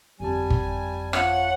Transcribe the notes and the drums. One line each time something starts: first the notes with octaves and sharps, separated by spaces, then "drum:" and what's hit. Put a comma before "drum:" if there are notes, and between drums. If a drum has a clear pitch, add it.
G1 F2 G3 G#5 A5
drum: kick G1
F3 C#5 F#5, drum: rim click